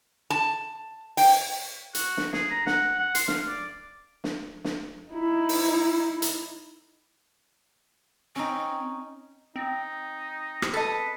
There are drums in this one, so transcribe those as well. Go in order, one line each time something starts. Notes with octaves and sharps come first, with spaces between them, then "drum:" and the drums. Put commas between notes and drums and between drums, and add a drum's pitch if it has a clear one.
A5
G5, drum: open hi-hat
F#4, drum: hi-hat
drum: snare
G#4, drum: snare
A#5
F#5, drum: snare
F#5
C6, drum: hi-hat
F5, drum: snare
D5
drum: snare
drum: snare
D#4 E4
drum: open hi-hat
drum: hi-hat
C4 C#4 D#4
C4 D#4
drum: rim click
A4 B4 D#5